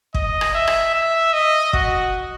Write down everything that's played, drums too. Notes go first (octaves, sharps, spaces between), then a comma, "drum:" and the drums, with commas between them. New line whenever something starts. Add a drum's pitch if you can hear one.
D#5, drum: kick
drum: rim click
E5
drum: rim click
E5
D#5
F#4, drum: kick